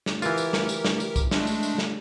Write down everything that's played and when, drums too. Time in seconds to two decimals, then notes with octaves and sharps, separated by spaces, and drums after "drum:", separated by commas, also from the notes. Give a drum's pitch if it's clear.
0.06 drum: snare
0.22 E3 F4 G4 A#4, drum: tambourine
0.38 drum: tambourine
0.53 drum: snare
0.69 drum: tambourine
0.85 drum: snare
1.00 drum: tambourine
1.16 drum: kick, tambourine
1.31 G#3 A3 D4, drum: snare
1.47 drum: tambourine
1.63 drum: tambourine
1.78 drum: snare